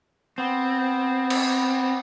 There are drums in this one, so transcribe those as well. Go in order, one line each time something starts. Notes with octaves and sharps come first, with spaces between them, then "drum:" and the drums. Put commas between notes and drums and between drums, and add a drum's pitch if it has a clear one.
B3 C4
drum: cymbal